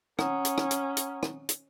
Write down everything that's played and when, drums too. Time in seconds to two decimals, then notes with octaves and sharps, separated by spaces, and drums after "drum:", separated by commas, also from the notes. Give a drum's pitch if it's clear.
0.19 C#4 F#5 A#5 D#6, drum: rim click
0.45 drum: hi-hat
0.58 drum: rim click
0.71 drum: hi-hat
0.97 drum: hi-hat
1.23 drum: rim click
1.49 drum: hi-hat